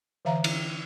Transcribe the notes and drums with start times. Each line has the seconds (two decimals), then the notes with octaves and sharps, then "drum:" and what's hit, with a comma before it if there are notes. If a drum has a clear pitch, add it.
0.25 D3 E3 E5 F5 A#5
0.44 drum: cymbal